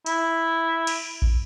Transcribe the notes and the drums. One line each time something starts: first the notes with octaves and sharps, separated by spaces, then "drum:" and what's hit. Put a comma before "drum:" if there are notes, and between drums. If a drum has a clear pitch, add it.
E4, drum: hi-hat
drum: cymbal
drum: kick A1